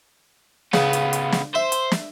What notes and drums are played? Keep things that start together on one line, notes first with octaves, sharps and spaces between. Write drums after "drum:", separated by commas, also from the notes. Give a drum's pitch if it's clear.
C#2 C#3 B3, drum: snare
drum: hi-hat
drum: hi-hat
drum: snare
C5 E5
drum: hi-hat
drum: snare